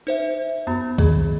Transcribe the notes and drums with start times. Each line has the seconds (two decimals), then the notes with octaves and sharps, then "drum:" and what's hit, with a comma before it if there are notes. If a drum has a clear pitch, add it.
0.07 D#4 C5 E5
0.67 F#2 B3 B5
0.98 D#3 G#4, drum: kick